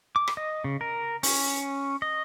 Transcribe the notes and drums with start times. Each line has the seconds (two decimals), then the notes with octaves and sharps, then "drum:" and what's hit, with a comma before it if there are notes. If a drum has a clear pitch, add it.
0.16 D6
0.28 drum: rim click
0.37 D#5
0.64 C#3
0.81 A#4
1.23 C#4, drum: open hi-hat
2.02 D#5